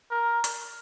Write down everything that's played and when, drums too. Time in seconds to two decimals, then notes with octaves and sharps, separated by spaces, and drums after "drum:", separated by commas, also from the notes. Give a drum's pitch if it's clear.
0.11 A#4
0.44 drum: hi-hat